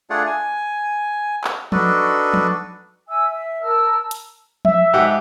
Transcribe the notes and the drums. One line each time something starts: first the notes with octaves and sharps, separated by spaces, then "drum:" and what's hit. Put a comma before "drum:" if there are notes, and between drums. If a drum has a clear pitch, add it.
A3 D4 F4 G#4 D5 F#5
G#5
drum: clap
D4 D#4 F#4 A4 B4 D5, drum: tom F3
drum: tom F3
E5 G#5 E6
E5
A#4 A5 E6 F6
drum: hi-hat
E5, drum: tom F3
G#2 G4 F#5